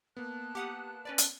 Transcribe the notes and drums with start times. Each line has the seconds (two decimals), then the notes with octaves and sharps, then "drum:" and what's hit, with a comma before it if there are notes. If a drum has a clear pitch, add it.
0.17 A#3 B3 A5 F#6
0.55 G4 F#5 D#6
1.05 C#4 B4 D5
1.18 drum: hi-hat